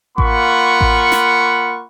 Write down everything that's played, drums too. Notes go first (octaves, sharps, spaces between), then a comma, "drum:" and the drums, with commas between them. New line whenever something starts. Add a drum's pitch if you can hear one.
A#3 F4 F#5 B5 C#6, drum: kick A1
drum: kick A1
drum: snare